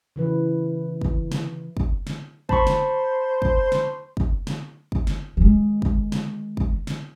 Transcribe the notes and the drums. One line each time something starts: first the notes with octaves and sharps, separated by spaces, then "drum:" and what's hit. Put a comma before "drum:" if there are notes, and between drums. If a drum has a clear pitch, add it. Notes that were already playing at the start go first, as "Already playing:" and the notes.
C#3 E3 B4
drum: kick
drum: snare
drum: kick
drum: snare
C5 A5 B5 C#6, drum: kick
drum: snare
drum: kick
drum: snare
drum: kick
drum: snare
drum: kick
drum: snare
D#3 G#3
drum: kick
drum: snare
drum: kick
drum: snare